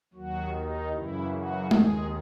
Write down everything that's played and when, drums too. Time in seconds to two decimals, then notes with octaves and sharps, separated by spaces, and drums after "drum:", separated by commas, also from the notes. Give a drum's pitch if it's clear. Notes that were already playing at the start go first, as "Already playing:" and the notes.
0.14 D#2 D#3 F#3 F#4
0.53 D#4
0.92 F#2 C#3 E3 E4
1.31 F#3 F#4
1.71 D#2 D#3 G#3 G#4, drum: tom G#3